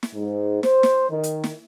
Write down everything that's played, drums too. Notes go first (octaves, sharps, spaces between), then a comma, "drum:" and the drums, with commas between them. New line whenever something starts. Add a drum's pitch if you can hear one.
drum: snare
G#2
C5, drum: snare
drum: snare
D#3
drum: hi-hat
drum: snare